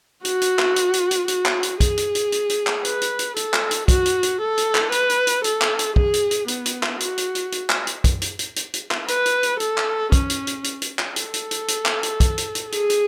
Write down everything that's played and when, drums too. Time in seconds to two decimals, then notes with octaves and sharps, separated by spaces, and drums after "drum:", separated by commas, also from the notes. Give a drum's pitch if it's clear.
0.25 F#4, drum: hi-hat
0.41 drum: hi-hat
0.59 drum: clap
0.76 drum: hi-hat
0.93 drum: hi-hat
1.11 drum: hi-hat
1.28 F#4, drum: hi-hat
1.45 drum: clap
1.63 drum: hi-hat
1.80 G#4, drum: kick, hi-hat
1.97 drum: hi-hat
2.15 drum: hi-hat
2.32 drum: hi-hat
2.49 drum: hi-hat
2.67 drum: clap
2.85 B4, drum: hi-hat
3.01 drum: hi-hat
3.19 drum: hi-hat
3.36 A4, drum: hi-hat
3.54 drum: clap
3.71 drum: hi-hat
3.88 F#4, drum: kick, hi-hat
4.06 drum: hi-hat
4.23 drum: hi-hat
4.41 A4
4.58 drum: hi-hat
4.75 drum: clap
4.92 B4, drum: hi-hat
5.10 drum: hi-hat
5.27 drum: hi-hat
5.44 A4, drum: hi-hat
5.62 drum: clap
5.79 drum: hi-hat
5.96 G#4, drum: kick
6.14 drum: hi-hat
6.31 drum: hi-hat
6.48 B3, drum: hi-hat
6.66 drum: hi-hat
6.83 drum: clap
7.00 F#4, drum: hi-hat
7.18 drum: hi-hat
7.35 drum: hi-hat
7.52 drum: hi-hat
7.70 drum: clap
7.87 drum: hi-hat
8.04 drum: kick, hi-hat
8.22 drum: hi-hat
8.39 drum: hi-hat
8.56 drum: hi-hat
8.74 drum: hi-hat
8.91 drum: clap
9.08 B4, drum: hi-hat
9.26 drum: hi-hat
9.43 drum: hi-hat
9.60 A4, drum: hi-hat
9.78 drum: clap
10.12 C#4, drum: kick, hi-hat
10.30 drum: hi-hat
10.47 drum: hi-hat
10.64 drum: hi-hat
10.82 drum: hi-hat
10.99 drum: clap
11.16 A4, drum: hi-hat
11.34 drum: hi-hat
11.51 drum: hi-hat
11.68 drum: hi-hat
11.86 drum: clap
12.03 drum: hi-hat
12.20 drum: kick, hi-hat
12.38 drum: hi-hat
12.55 drum: hi-hat
12.72 G#4, drum: hi-hat
12.90 drum: hi-hat